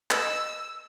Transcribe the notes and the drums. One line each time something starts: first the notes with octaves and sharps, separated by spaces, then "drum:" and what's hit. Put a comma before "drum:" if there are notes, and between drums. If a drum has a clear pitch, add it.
B4 D#5 E6, drum: clap